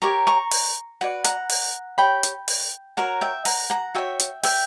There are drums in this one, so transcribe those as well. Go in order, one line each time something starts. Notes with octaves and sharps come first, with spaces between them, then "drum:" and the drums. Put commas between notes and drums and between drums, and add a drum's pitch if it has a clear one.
G4 A#4 C#5 A#5 C#6
A#5 C#6
drum: open hi-hat
F#4 B4 D5 F#5
F#5 A#5, drum: hi-hat
drum: open hi-hat
G4 C#5 G5 B5
drum: hi-hat
drum: open hi-hat
F#4 A#4 C#5 F#5 A#5
E5 G5
F#5 A#5, drum: open hi-hat
F#5 A#5
F#4 C#5 E5 G5
drum: hi-hat
E5 G5, drum: open hi-hat